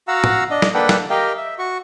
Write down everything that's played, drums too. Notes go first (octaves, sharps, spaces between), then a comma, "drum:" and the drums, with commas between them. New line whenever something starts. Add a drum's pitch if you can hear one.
F#4 F5 F#5 A#5 E6
drum: tom
D4 D#5
drum: snare
A#3 D4 A4 B4 F#5 G5
drum: snare
G4 A#4 D#5 F5 G5
E5
F#4 C#6